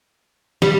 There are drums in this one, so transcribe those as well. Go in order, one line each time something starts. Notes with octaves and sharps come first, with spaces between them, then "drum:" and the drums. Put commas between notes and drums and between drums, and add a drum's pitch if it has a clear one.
G3, drum: snare